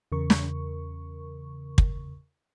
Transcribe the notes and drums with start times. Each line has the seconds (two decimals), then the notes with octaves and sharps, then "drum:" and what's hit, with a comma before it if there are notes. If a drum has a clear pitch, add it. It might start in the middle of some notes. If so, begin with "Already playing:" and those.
0.12 E2 C#3 A#4 C#6
0.30 drum: snare
1.78 drum: kick